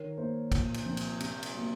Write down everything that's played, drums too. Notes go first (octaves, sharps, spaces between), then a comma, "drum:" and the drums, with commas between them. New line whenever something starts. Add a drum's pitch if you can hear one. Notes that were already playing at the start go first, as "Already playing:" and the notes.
Already playing: D#3 A#4 C#5
A#3 C5
A#2, drum: kick, cymbal
drum: cymbal
F3 C4
drum: cymbal
C3, drum: cymbal
drum: cymbal
F#3 A#3